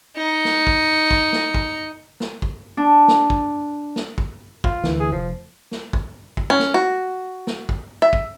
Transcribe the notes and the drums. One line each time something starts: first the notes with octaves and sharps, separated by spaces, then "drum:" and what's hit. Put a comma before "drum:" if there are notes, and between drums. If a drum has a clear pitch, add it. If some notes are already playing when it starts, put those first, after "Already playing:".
D#4 C#7
drum: snare
drum: kick
drum: kick
drum: snare
drum: kick
drum: snare
drum: kick
D4
drum: snare
drum: kick
drum: snare
drum: kick
F4, drum: kick
D2 E3, drum: snare
G#4
F1 F3
drum: snare
drum: kick
drum: kick
C#4
drum: snare
F#4
drum: snare
drum: kick
E5
drum: kick